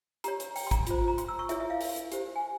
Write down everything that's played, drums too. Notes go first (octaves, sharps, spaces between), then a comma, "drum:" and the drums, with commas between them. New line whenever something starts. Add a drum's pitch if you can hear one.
G4 C#5 A#5, drum: hi-hat
drum: hi-hat
G5, drum: open hi-hat
C6
A#5, drum: kick, hi-hat
F4 C5, drum: hi-hat
A#5
C6, drum: hi-hat
E6
C#6
E4 G#4 C#5 E5, drum: hi-hat
E5
F5
drum: open hi-hat
drum: hi-hat
G4 C5, drum: hi-hat
G#5